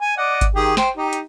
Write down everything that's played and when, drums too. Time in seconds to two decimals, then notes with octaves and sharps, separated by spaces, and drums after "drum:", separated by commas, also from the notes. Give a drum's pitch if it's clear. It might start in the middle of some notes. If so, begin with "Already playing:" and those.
0.01 G#5
0.17 D5 D#5 F#5
0.41 drum: kick G1, hi-hat
0.55 D#3 G4 G#4
0.77 C5 G5, drum: snare
0.97 D#4 G4
1.13 drum: hi-hat